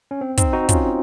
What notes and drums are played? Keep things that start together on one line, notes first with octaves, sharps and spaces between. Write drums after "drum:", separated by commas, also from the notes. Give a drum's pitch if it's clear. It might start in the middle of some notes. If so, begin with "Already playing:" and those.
C#4
C4
C4 D#4, drum: kick, hi-hat
D#4 F#4
C#4 F4, drum: kick, hi-hat